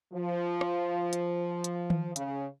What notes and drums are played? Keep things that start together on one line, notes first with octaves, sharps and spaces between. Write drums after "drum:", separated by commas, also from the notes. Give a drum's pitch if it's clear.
F3
drum: rim click
drum: hi-hat
drum: hi-hat
drum: tom D#3
C#3, drum: hi-hat